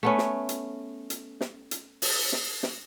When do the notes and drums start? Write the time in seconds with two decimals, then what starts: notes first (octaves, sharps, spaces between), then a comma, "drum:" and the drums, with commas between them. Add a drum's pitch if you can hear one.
0.03 A3 B3 C#4
0.18 drum: snare
0.49 drum: hi-hat
1.10 drum: hi-hat
1.41 drum: snare
1.71 drum: hi-hat
2.02 drum: open hi-hat
2.32 drum: snare
2.63 drum: snare